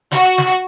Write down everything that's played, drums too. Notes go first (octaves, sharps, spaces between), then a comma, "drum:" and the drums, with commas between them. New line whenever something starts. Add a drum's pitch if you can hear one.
F#4, drum: snare
drum: hi-hat
drum: snare
drum: hi-hat